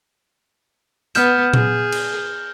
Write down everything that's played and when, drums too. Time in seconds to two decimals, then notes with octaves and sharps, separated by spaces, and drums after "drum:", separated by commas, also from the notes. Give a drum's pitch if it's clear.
1.15 B3 F6 G6 E7, drum: hi-hat
1.54 G#4, drum: tom A#2
1.92 drum: cymbal